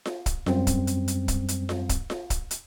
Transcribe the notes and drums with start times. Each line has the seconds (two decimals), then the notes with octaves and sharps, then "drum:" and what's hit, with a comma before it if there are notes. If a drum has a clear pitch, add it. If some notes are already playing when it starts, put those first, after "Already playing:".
0.06 drum: snare F4
0.26 drum: kick, hi-hat
0.46 F#2 G3 C4, drum: snare F4
0.67 drum: kick, hi-hat
0.87 drum: hi-hat
1.08 drum: hi-hat
1.28 drum: kick, hi-hat
1.48 drum: hi-hat
1.69 drum: snare F4
1.89 drum: kick, hi-hat
2.10 drum: snare F4
2.30 drum: kick, hi-hat
2.51 drum: hi-hat